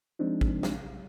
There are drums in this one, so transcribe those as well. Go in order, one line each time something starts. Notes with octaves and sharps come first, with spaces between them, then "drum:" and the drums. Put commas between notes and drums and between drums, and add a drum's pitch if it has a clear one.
F3 G#3 C4 D4 D#4
drum: kick A1
drum: snare